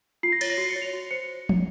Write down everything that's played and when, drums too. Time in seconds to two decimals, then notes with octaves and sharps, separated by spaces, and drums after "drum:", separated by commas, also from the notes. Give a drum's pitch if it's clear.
0.23 F4 C7
0.32 A#6
0.41 C#5 A6, drum: cymbal
0.50 A#6
0.58 F#4 C7
0.70 C#7
0.76 C#5
0.82 F7
0.93 F#4
1.11 C5 C#7
1.49 drum: tom